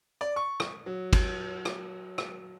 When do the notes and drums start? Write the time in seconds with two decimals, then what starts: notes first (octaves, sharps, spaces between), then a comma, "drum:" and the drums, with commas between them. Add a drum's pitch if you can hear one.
0.21 D5
0.36 C#6
0.60 drum: rim click
0.86 F#3
1.13 drum: kick, cymbal
1.65 drum: rim click
2.18 drum: rim click